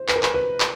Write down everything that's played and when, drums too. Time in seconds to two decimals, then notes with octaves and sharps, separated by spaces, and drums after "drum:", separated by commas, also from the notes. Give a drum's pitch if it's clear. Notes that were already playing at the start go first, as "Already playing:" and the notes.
Already playing: C5
0.08 B4, drum: clap
0.16 A#4
0.23 B4, drum: clap
0.34 B4
0.60 drum: clap